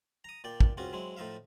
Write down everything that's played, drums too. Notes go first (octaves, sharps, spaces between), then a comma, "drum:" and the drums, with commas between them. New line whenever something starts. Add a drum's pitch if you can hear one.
A#5 D#6
A#2 D5 G5
drum: kick
C#2 C4 C#4 F4 F#4
F#3 G#3 C4 E4
A2 F3 D#4 E5 F5